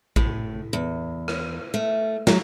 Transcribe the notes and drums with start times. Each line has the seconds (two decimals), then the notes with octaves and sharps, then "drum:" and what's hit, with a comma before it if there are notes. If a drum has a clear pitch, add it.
0.16 A2, drum: kick A1
0.73 E2
1.28 drum: rim click
1.74 A3
2.27 F#3, drum: snare